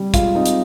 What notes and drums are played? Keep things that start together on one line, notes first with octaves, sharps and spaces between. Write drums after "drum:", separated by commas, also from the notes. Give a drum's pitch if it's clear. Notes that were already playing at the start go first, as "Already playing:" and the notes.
Already playing: G3
G#3 F4, drum: kick, hi-hat
C4 D#4
drum: hi-hat